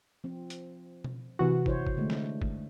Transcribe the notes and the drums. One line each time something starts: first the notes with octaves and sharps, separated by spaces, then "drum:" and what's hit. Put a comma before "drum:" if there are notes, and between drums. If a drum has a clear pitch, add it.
F3 C4
drum: hi-hat
drum: tom B2
C3 E3 F#4
E4 C5 C#5, drum: kick
drum: kick
D3 G#3 A3
drum: snare
drum: kick